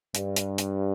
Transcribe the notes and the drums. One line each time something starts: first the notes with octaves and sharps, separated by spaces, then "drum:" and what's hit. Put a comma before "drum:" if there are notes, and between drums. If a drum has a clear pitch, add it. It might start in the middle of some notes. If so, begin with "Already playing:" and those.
G2, drum: hi-hat
drum: hi-hat
drum: hi-hat